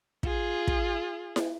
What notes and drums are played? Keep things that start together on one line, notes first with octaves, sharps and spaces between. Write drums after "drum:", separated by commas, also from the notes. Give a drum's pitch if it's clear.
F4 G#4, drum: kick
drum: kick
drum: snare E4